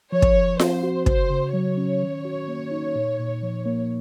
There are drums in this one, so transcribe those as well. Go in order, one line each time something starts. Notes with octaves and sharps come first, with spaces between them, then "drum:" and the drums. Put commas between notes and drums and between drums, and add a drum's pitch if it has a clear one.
F3 C#5
drum: kick
F3
C4 C5, drum: snare F4
F#4
C#3 C5, drum: kick
C#3
F#3 C#5
C#4
D#3
F#4
A#3
D#4
A#2
A#2
F3
A#3